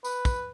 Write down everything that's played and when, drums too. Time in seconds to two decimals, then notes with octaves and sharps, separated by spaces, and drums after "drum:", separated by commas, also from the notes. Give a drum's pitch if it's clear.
0.05 B4, drum: tambourine
0.25 drum: kick, tambourine